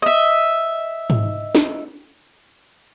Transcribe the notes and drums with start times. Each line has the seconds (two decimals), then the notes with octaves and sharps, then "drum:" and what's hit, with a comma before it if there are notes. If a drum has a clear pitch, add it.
0.02 D#5 E5
1.10 drum: tom G#2
1.55 drum: snare